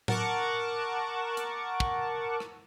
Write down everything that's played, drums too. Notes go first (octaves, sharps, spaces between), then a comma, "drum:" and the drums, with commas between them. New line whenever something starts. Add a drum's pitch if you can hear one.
A#4 F#5 A5 C#6 D6, drum: tom A2
drum: hi-hat
drum: kick
drum: rim click